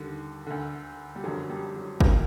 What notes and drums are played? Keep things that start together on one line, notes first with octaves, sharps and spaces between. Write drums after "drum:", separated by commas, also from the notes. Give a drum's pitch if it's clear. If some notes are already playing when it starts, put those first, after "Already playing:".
Already playing: D#2 D3 G3
D2 D3
G3
F#1 F2 D3 F#3
G3
F#3
C2 B2 A#3, drum: kick